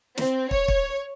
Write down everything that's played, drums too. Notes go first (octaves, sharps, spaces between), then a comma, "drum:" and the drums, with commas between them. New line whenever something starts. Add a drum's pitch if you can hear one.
C4, drum: snare
C#5, drum: kick
drum: kick